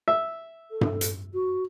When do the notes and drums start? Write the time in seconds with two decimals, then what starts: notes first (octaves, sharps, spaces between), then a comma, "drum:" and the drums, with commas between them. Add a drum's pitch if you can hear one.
0.08 E5
0.71 A4
0.81 drum: tom G2
1.01 drum: hi-hat
1.34 F#4